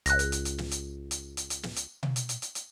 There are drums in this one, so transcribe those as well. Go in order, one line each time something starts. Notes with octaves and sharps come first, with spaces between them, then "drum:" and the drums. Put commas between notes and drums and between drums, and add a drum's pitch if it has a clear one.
C#2 F#6 A#6, drum: hi-hat
drum: hi-hat
drum: hi-hat
drum: hi-hat
drum: snare
drum: hi-hat
drum: hi-hat
drum: hi-hat
drum: hi-hat
drum: snare
drum: hi-hat
drum: tom B2
drum: hi-hat
drum: hi-hat
drum: hi-hat
drum: hi-hat